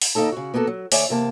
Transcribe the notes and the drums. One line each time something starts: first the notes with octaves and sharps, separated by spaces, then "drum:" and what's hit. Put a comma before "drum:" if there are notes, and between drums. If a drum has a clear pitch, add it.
drum: open hi-hat
D#2 A#3 D#4 A4 A5
C#3 F#4
A#3 B3 F#4 G#4 A4
F#3
D2 C#5 D5 E5 G#5, drum: open hi-hat
E2 C3 A#3 A5